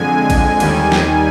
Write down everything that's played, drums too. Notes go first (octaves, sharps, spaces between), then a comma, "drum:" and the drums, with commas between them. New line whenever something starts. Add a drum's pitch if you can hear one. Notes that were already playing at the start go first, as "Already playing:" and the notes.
Already playing: F2 D3 G#3 G#5
drum: kick A1, cymbal
D#2 D#3 G3, drum: cymbal
drum: snare